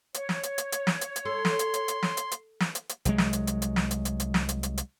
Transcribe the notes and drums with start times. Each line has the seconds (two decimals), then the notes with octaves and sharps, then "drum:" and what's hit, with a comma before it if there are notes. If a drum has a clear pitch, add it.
0.14 C#5, drum: hi-hat
0.29 drum: snare
0.43 drum: hi-hat
0.58 drum: hi-hat
0.72 drum: hi-hat
0.87 drum: snare
1.01 drum: hi-hat
1.16 drum: hi-hat
1.25 A4 C6
1.45 drum: snare
1.59 drum: hi-hat
1.74 drum: hi-hat
1.88 drum: hi-hat
2.03 drum: snare
2.17 drum: hi-hat
2.31 drum: hi-hat
2.60 drum: snare
2.75 drum: hi-hat
2.89 drum: hi-hat
3.05 C2 F#3 G#3, drum: hi-hat
3.18 drum: snare
3.33 drum: hi-hat
3.47 drum: hi-hat
3.62 drum: hi-hat
3.76 drum: snare
3.91 drum: hi-hat
4.05 drum: hi-hat
4.20 drum: hi-hat
4.34 drum: snare
4.49 drum: hi-hat
4.63 drum: hi-hat
4.78 drum: hi-hat